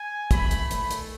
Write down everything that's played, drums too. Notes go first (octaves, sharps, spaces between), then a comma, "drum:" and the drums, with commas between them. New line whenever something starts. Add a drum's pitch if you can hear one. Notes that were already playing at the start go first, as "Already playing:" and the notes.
Already playing: G#5
A3 B5, drum: kick, hi-hat
drum: hi-hat
drum: hi-hat
drum: hi-hat